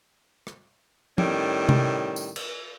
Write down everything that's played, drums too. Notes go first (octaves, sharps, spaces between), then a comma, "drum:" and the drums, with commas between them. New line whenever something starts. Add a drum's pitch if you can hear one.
drum: rim click
A2 D#3 G3 C#4, drum: tom
drum: tom C3
drum: tambourine
drum: cymbal